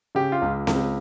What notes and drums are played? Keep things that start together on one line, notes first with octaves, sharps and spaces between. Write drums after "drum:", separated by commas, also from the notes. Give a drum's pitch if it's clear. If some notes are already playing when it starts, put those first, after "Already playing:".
C#3 G4
F4
C#2
C#2, drum: snare C4